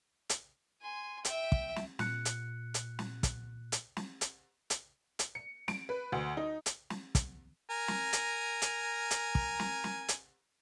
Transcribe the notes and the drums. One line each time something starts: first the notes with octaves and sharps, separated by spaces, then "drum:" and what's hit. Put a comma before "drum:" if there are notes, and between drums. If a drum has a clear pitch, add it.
drum: hi-hat
G#5 C6
E5 G5, drum: hi-hat
drum: kick
drum: snare
A#2 F#6 C#7, drum: snare
drum: hi-hat
drum: hi-hat
drum: snare
drum: kick, hi-hat
drum: hi-hat
drum: snare
drum: hi-hat
drum: hi-hat
drum: hi-hat
C#7
D7, drum: snare
B4
D2
D#4
drum: hi-hat
drum: snare
drum: kick, hi-hat
A#4 G#5 A#5
drum: snare
drum: hi-hat
drum: hi-hat
drum: hi-hat
drum: kick
drum: snare
drum: snare
drum: hi-hat